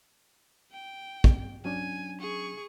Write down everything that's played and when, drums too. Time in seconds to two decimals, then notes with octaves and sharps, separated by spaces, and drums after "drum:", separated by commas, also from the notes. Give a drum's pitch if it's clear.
0.72 G5
1.24 drum: kick
1.65 F#3 C#4 D4 G#5
2.20 G#4 C#6